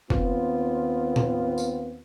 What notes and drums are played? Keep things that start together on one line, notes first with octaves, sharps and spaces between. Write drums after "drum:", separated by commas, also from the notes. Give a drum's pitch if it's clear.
D#2 B3 C4 F4, drum: kick
drum: tom A2
drum: tambourine